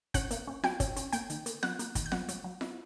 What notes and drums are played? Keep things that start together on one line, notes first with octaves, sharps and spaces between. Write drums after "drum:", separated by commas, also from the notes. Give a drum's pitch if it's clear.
C#4 F#5 F#6, drum: kick, hi-hat
A#3, drum: hi-hat
C#4
F#3 G5 G6, drum: snare F4
C#4, drum: kick, hi-hat
C#4, drum: hi-hat
A#3 G5 G6, drum: hi-hat
D#3, drum: hi-hat
A#3, drum: hi-hat
F#3 F#5 F#6, drum: snare F4
A#3, drum: hi-hat
D#3, drum: kick, hi-hat
G6
F#3 F#5 F#6, drum: snare F4
F#3, drum: hi-hat
F#3
E4, drum: snare F4